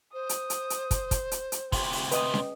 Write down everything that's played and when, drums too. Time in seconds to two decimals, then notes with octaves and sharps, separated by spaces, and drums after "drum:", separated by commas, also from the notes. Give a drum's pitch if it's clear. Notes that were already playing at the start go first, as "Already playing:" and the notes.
0.14 C5 D#6
0.29 drum: hi-hat
0.50 drum: hi-hat
0.70 drum: hi-hat
0.91 drum: kick, hi-hat
1.11 drum: kick, hi-hat
1.31 drum: hi-hat
1.52 drum: hi-hat
1.72 D2 C3 G5, drum: kick, open hi-hat
1.93 drum: open hi-hat
2.11 B4 D#5 D#6, drum: hi-hat
2.34 drum: snare